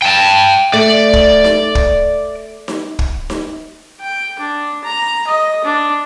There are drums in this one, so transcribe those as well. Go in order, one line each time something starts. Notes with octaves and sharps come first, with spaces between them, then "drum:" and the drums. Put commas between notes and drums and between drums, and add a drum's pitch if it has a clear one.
G5 A5
A3 D5
drum: kick
drum: snare D#4
drum: kick
drum: snare D#4
drum: kick
drum: snare D#4
G5
D4
A#5
D#5
D4